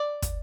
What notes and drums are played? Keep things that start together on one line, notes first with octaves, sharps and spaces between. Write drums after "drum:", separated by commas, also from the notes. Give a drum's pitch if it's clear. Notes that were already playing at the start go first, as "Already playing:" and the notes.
Already playing: D5
drum: kick, hi-hat